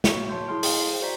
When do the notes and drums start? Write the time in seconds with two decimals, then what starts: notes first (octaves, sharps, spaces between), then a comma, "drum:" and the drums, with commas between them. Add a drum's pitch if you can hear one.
0.04 A#3 F#4 C#5 C#6, drum: snare
0.29 C#5 A5 C6 G6
0.48 E4 G#4 A5 C6 F6 D7
0.63 G#4 F5, drum: open hi-hat
0.90 C5
1.01 F#4 C5 D5 A#5 B6